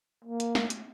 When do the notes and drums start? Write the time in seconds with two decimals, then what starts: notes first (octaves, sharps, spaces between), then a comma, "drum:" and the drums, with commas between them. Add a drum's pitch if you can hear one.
0.24 A#3
0.40 drum: hi-hat
0.55 drum: snare
0.70 drum: hi-hat